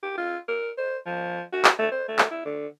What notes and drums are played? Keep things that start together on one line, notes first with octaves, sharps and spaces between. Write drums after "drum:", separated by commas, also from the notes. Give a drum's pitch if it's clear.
G4
F4
A#4
C5
F3
F#4
drum: clap
A3
C5
A3
drum: clap
E4
D3